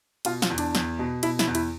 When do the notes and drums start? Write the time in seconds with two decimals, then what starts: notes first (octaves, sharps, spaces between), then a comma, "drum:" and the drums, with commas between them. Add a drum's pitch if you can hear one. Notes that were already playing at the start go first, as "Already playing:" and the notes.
0.25 B2 F4, drum: cymbal
0.42 F4, drum: snare
0.50 E2
0.58 D4, drum: cymbal
0.75 E2, drum: snare
0.99 B2
1.23 B2 E4, drum: cymbal
1.39 E4, drum: snare
1.47 E2
1.55 E4, drum: cymbal